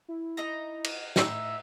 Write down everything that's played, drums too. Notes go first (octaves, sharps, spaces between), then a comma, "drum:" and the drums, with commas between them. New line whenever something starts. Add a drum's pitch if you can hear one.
E4
D#4 D#5 A#5
drum: cymbal
A2 D#4 E5, drum: snare